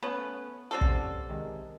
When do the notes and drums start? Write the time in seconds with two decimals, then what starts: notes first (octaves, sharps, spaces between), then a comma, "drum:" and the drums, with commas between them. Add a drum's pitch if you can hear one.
0.03 A3 B3 C#4 B4
0.71 G3 C4 C#4 A4 D5 F#5
0.81 drum: kick
1.29 C3 D#3 G#3